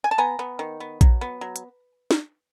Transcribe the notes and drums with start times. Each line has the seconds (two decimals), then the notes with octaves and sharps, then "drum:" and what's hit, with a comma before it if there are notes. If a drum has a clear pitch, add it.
0.04 G#5
0.11 A5
0.18 B3 G#5 A#5
0.39 B3
0.59 D#3
0.80 B3
1.01 F#3, drum: kick A#1, hi-hat
1.21 B3
1.41 F#3
1.56 drum: hi-hat
2.11 drum: snare